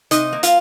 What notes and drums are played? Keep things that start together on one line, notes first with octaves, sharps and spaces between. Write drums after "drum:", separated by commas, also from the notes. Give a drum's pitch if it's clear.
C3 D#4 D#5, drum: hi-hat
A#3
F4 F5, drum: hi-hat